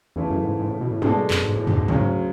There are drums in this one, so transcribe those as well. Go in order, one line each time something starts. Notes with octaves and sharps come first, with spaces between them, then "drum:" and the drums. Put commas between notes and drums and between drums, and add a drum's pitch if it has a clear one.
E2 C#3 E3 A3 E4
F#2
G#2
G#2
A2
B2
A2
G#2 B2 G#3 D4 A4, drum: tom
F#2, drum: clap
G#2
A2
G#2, drum: tom
G#2
D2 A2 C#3 F#3, drum: tom
G#2